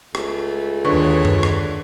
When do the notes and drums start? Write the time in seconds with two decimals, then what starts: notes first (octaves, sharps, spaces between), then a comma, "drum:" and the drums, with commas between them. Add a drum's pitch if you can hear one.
0.15 C#2 A3, drum: rim click
0.85 D#2 D3 D4 F4 B4 C#5 C#6
1.25 drum: tom F#2
1.43 drum: rim click